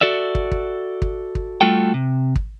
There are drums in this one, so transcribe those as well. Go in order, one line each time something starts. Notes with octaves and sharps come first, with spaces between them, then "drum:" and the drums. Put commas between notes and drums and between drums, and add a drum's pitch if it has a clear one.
F#4 A4 D5 E5
drum: kick
drum: kick
drum: kick
drum: kick
G3 A3 F4 F#4 A4 G5
C3
drum: kick